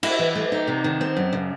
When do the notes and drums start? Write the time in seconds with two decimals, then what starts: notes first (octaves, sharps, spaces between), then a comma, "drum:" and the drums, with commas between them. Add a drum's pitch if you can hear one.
0.03 E4, drum: cymbal
0.19 E3
0.35 A3
0.52 D#4
0.67 C3
0.84 D#3
1.01 C4
1.17 F#2
1.33 C#3